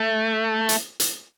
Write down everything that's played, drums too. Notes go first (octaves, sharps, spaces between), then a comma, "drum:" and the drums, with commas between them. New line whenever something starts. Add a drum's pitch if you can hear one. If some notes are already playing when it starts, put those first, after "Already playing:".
Already playing: A3
drum: hi-hat
drum: hi-hat